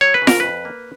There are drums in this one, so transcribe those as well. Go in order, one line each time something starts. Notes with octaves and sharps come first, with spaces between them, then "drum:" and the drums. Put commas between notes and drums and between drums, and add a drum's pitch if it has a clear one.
F#3 C#5
B4
C#3
A#4, drum: snare F4
F2 B4
A#3